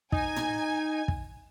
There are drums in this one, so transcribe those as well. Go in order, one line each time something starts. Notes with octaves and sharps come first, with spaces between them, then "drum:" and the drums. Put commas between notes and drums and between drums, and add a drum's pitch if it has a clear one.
D#4 G#5, drum: kick
drum: tom
drum: kick